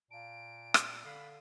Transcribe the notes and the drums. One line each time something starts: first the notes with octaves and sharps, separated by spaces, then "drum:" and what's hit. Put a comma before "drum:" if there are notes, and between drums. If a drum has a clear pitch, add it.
A#2 F5 A5 D7
drum: rim click
D3 D5 F5 B5 C7